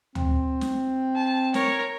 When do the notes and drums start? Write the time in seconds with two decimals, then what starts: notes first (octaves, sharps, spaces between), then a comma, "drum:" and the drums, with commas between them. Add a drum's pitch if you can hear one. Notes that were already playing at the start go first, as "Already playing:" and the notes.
0.15 C4, drum: tom D2
0.61 drum: snare
1.16 A5
1.54 A#4 C#5, drum: snare